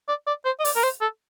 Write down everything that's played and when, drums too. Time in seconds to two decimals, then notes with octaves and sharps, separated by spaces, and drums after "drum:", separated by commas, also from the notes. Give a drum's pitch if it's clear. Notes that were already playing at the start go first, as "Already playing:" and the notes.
0.08 D5
0.27 D5
0.45 C5
0.60 D#5
0.65 D5, drum: open hi-hat
0.76 A#4
0.83 C5
1.01 A4